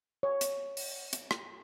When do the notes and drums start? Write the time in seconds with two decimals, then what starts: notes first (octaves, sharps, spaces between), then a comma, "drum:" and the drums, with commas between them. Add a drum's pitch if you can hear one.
0.23 C#5
0.41 drum: hi-hat
0.77 drum: open hi-hat
1.13 drum: hi-hat
1.31 drum: rim click